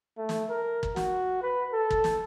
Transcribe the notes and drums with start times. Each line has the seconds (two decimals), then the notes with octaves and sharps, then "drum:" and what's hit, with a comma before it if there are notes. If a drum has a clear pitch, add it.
0.18 A3
0.29 drum: snare
0.49 A#4
0.83 drum: kick
0.96 F#4, drum: snare
1.42 B4
1.73 A4
1.90 drum: kick
2.04 drum: snare